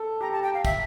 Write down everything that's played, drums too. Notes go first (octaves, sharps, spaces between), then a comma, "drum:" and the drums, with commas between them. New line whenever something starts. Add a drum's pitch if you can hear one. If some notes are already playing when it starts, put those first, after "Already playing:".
Already playing: A4
G4 A#5
A5
G5
F5
E5, drum: kick, tambourine